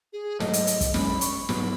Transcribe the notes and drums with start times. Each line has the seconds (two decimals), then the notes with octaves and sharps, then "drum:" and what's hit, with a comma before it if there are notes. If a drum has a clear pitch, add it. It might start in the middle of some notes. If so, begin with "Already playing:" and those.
0.13 G#4
0.40 G#2 F#3 A3 D#5, drum: snare
0.53 drum: hi-hat
0.67 drum: hi-hat
0.81 drum: kick, hi-hat
0.94 F#2 D#3 G#3 C#4 B5, drum: snare
1.21 C#6, drum: hi-hat
1.41 C#6
1.49 G#2 F#3 B3 B5, drum: snare